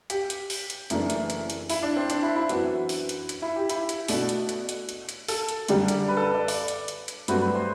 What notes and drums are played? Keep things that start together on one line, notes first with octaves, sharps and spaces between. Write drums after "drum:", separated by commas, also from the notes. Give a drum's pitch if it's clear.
G4, drum: hi-hat
drum: hi-hat
drum: open hi-hat
drum: hi-hat
F#1 F#2 E3 A3 D4, drum: hi-hat
drum: hi-hat
drum: hi-hat
drum: hi-hat
E4, drum: open hi-hat
D4
C4
D4, drum: hi-hat
E4
E4
F#2 E3 B3 F#4, drum: hi-hat
drum: open hi-hat
drum: hi-hat
drum: hi-hat
E4
G4
E4, drum: hi-hat
drum: hi-hat
B2 A3 D4 F#4, drum: open hi-hat
drum: hi-hat
drum: hi-hat
drum: hi-hat
drum: hi-hat
drum: hi-hat
A4, drum: open hi-hat
drum: hi-hat
F#2 D3 G3 D4 G4, drum: hi-hat
drum: hi-hat
B4
A4
B4
D5
D5, drum: open hi-hat
drum: hi-hat
drum: hi-hat
drum: hi-hat
G2 F#3 A3 C4 F#4 B4, drum: hi-hat
B4
C5